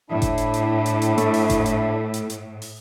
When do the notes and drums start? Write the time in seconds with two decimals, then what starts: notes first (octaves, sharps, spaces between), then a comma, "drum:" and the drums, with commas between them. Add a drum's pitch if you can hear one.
0.10 A2 D4 E4
0.22 drum: kick G1, hi-hat
0.38 drum: hi-hat
0.54 drum: hi-hat
0.86 drum: hi-hat
1.02 drum: hi-hat
1.18 A3, drum: hi-hat
1.34 drum: open hi-hat
1.50 drum: kick G1, hi-hat
1.66 drum: hi-hat
2.14 drum: hi-hat
2.30 drum: hi-hat
2.62 drum: open hi-hat